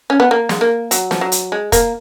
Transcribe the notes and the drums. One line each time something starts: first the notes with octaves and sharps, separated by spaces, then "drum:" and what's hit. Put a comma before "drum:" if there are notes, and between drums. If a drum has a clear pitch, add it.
C#4
B3
A#3
G#3, drum: snare
A#3
F#3, drum: hi-hat
F3, drum: snare
F#3
drum: hi-hat
G#3
A#3, drum: kick, hi-hat